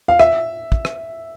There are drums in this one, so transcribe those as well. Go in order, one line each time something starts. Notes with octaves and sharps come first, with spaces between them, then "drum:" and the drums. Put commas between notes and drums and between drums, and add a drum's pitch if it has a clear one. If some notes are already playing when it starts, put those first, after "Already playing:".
F5
E5, drum: rim click
drum: kick
drum: rim click